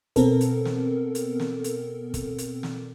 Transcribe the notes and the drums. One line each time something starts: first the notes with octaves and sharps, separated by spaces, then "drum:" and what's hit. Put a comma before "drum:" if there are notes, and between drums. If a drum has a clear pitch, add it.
B2 B3 C4 A4 A#4, drum: kick, hi-hat
drum: hi-hat
drum: snare
drum: hi-hat
drum: snare
drum: hi-hat
drum: kick, hi-hat
drum: hi-hat
drum: snare